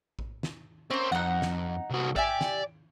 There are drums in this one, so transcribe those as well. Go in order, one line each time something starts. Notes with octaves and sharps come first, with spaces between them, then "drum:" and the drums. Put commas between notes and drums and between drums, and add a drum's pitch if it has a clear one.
drum: kick A1
drum: snare
A#3 C4 C#4
F2 D#4 F#5
drum: snare
C2 F#4
G4 D5 E5 G#5, drum: kick A1
drum: snare